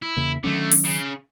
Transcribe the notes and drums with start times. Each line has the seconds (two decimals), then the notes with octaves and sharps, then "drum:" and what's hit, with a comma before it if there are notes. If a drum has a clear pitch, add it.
0.02 E4
0.17 E2 C#3 A#3
0.44 D3 D#3 F#3 A3 C#4
0.71 drum: open hi-hat
0.84 C#3